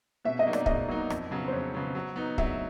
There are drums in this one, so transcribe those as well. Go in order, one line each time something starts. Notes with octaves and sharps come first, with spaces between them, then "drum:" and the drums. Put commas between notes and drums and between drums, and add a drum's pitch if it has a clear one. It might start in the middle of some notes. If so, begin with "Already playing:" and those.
B2 E5
D#5
F#3 A#3 D#4
D5, drum: rim click
B2 D#5, drum: kick
F#3 A#3 D#4
F2, drum: rim click
C#3 F#3 B3
C5
F2 C#5
C#3 F#3 B3
F#3
B3 D#4
F#3 E5, drum: kick